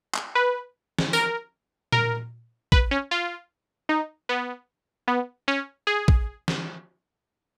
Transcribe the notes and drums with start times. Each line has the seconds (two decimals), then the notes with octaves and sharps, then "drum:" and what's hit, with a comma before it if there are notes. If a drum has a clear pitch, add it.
0.15 drum: clap
0.35 B4
0.99 drum: snare
1.13 A#4, drum: tambourine
1.92 A#4, drum: tom A#2
2.72 B4, drum: kick
2.91 C#4
3.11 F4
3.89 D#4
4.29 B3
5.08 B3
5.48 C#4
5.87 G#4
6.08 drum: kick
6.48 drum: snare